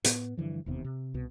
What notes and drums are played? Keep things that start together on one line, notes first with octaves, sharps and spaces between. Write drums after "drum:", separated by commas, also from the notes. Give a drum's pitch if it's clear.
A2 B3, drum: hi-hat
G2 D3 E3 F3
E1 D#2 C3 B3
C3
C2 B2